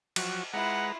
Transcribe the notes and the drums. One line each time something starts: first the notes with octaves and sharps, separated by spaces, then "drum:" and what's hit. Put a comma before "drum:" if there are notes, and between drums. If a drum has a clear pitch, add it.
F3 F#3 F#4, drum: cymbal
G#3 E4 F4 B4 F#5 A#5